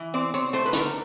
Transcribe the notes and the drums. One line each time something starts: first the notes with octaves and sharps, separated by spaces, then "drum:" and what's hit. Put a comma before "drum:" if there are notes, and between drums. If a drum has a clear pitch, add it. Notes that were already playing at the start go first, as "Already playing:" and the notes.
Already playing: E3
C4 D5
C4 C#5
A3 C5
B4
D3 A#4, drum: hi-hat